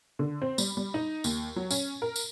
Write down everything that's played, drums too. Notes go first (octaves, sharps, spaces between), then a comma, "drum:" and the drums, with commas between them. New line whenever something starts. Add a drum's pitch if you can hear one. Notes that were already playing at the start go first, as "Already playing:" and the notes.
D3
C4
G3, drum: tambourine
G3
D#4
D#2, drum: tambourine
F#3
C#4, drum: tambourine
A#4
drum: tambourine